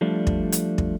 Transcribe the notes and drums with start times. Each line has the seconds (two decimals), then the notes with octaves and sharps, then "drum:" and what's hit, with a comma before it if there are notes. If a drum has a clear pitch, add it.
0.01 F3 G3 A3 D4
0.27 drum: kick
0.52 drum: hi-hat
0.78 drum: kick